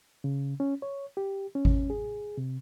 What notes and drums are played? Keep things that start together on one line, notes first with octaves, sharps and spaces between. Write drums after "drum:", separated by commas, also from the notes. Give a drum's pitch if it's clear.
C#3
C#4
C#5
G4
C#4
drum: kick G#1
G#4
C3